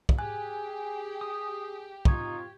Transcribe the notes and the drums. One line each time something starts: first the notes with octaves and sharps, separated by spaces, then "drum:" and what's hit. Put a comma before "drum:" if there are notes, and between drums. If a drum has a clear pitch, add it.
drum: kick
G4 G#4 G#5 F#6
D#6
C4 D#4 F4 C#6 G#6, drum: kick